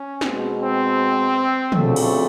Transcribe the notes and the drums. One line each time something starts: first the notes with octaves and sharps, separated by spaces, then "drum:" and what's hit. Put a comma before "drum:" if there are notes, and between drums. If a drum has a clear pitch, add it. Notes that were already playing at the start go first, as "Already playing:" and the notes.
Already playing: C#4
B2 G#3 C4, drum: snare
C4
D2 C#3 F3 A3 C4, drum: tom
drum: cymbal